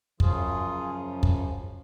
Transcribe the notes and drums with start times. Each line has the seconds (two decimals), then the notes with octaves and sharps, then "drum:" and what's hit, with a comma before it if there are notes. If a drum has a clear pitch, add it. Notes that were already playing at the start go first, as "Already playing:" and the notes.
0.20 F#2 C#3 F3 F4 G#4, drum: kick
1.23 drum: kick